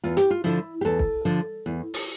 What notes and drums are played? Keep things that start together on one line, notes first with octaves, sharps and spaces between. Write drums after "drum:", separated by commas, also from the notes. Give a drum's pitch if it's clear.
E2 F4
G4, drum: hi-hat
F4
D3 F3 E4
G4
E2 A4
drum: kick
D3 F3
E2
drum: open hi-hat